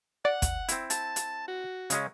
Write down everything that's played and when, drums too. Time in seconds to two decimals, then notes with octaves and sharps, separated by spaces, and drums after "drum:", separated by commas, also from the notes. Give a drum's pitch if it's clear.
0.25 D5 F#5
0.42 drum: kick, hi-hat
0.69 C4 E4, drum: hi-hat
0.90 A5, drum: hi-hat
1.16 drum: hi-hat
1.48 F#4
1.90 C#3 G#3 C#4, drum: hi-hat